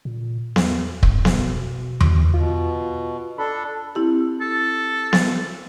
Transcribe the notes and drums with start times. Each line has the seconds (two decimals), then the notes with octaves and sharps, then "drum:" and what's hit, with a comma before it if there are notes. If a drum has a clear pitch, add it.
0.05 A#2
0.56 E2, drum: snare B3
1.03 G2, drum: kick
1.25 B2, drum: snare B3
2.01 drum: tom E2
2.34 B2 F4
3.38 D4 A4 B5
3.95 C4 E4 G4
4.41 A4
5.13 drum: snare B3